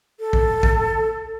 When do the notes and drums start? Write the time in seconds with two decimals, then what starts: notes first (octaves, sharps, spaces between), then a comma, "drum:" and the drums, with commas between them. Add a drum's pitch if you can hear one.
0.20 A4
0.33 drum: kick
0.63 drum: kick